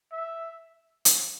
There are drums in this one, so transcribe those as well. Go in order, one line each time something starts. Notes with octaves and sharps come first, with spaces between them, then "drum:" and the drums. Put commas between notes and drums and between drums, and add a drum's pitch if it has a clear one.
E5
drum: hi-hat